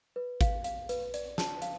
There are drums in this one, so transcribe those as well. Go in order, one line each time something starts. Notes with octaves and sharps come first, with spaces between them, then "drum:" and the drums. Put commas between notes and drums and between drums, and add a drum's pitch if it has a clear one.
B4
F5, drum: kick G#1, hi-hat
F5, drum: hi-hat
B4, drum: hi-hat
D5, drum: hi-hat
A5, drum: snare
F5, drum: hi-hat